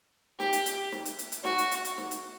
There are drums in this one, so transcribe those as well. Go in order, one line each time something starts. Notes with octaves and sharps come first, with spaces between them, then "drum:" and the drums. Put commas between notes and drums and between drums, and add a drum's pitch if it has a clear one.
G4, drum: snare
drum: hi-hat
drum: hi-hat
drum: snare
drum: hi-hat
drum: hi-hat
drum: hi-hat
F#4, drum: snare
drum: hi-hat
drum: hi-hat
drum: hi-hat
drum: snare
drum: hi-hat